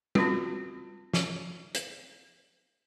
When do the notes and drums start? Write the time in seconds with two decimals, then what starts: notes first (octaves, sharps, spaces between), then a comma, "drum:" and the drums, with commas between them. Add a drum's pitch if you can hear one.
0.15 C4 C#4 F4 F#4 B4, drum: tom
1.13 drum: snare
1.74 drum: hi-hat